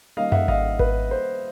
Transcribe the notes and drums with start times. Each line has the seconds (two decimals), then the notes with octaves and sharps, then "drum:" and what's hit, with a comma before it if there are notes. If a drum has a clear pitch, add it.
0.17 D#3 G3 A#3 C#4 D#5 F5
0.32 E5 F#5, drum: tom F#2
0.48 D#5 F5, drum: kick G#1
0.79 B4, drum: kick G#1
1.11 C5